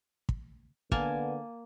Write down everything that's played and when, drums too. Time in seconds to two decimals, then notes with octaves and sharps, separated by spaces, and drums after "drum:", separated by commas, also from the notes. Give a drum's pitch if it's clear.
0.29 drum: kick
0.92 D3 A#3 B3 G#5 A5, drum: kick